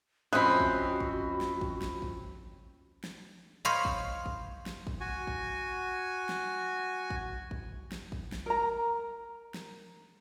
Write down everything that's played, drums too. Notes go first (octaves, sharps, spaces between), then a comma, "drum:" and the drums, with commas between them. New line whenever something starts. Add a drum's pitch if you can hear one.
F2 G#3 C4 C#4 F#4 E5 B5 F#6
drum: kick
drum: kick
drum: snare
drum: kick
drum: snare
drum: kick
drum: snare
C5 C#5 D#5 F5 B5
drum: kick
drum: kick
drum: snare
drum: kick
F#4 G#5
drum: kick
drum: snare
drum: kick
drum: kick
drum: snare
drum: kick
drum: snare
A#4 A#5
drum: snare